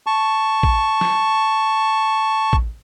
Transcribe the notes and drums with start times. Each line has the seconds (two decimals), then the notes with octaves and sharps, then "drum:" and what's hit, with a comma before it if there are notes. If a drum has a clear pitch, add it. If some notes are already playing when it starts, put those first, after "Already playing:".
0.06 A5 C#6
0.63 drum: kick
1.01 drum: snare
2.53 drum: kick